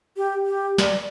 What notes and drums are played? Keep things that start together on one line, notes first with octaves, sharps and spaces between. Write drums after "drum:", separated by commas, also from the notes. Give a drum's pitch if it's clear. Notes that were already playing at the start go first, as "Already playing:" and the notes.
G4
G4
D5, drum: snare